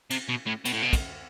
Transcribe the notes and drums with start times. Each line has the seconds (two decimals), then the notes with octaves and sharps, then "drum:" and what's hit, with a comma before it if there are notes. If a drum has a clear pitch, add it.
0.10 C3, drum: cymbal
0.29 B2
0.47 A2
0.65 B2, drum: cymbal
0.73 A2
0.82 B2
0.93 drum: kick, cymbal